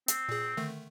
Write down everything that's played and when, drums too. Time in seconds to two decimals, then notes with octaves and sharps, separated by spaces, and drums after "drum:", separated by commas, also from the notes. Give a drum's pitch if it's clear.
0.08 C4, drum: hi-hat
0.29 A#2 G#4
0.57 D3 D#3 A3